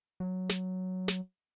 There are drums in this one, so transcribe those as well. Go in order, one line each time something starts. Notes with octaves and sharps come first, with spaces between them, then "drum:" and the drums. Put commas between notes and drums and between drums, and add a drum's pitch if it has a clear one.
F#3
drum: snare
drum: snare